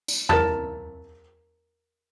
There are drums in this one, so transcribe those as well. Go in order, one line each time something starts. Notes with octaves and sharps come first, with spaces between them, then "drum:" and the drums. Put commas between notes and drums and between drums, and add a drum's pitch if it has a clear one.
drum: tambourine
A#4 A5, drum: tom E2